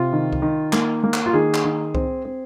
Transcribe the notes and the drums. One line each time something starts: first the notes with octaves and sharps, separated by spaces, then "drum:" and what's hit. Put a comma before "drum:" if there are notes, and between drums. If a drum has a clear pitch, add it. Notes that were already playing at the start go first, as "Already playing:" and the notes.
Already playing: C3 F4
D#3
drum: kick C2
D#3
A#3, drum: clap
A#3
drum: clap
F4
D#3 G#4
drum: clap
D#3
C4, drum: kick C2
C4